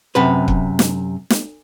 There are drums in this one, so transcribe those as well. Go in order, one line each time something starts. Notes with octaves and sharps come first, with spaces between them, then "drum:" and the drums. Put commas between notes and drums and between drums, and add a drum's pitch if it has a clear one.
F#2 C3 B4
drum: kick
drum: snare
drum: snare